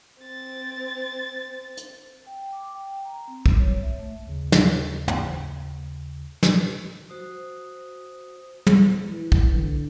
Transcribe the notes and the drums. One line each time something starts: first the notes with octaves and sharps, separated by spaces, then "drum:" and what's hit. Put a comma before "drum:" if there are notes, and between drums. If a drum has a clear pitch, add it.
C4 A6
drum: hi-hat
G5
D6
G5
A#5
C4
G3, drum: kick
C#5
E5
A3
D#2 C#3
drum: snare
drum: tom
drum: snare
F#4 C5 D#6
E2, drum: tom
E3
drum: kick
D3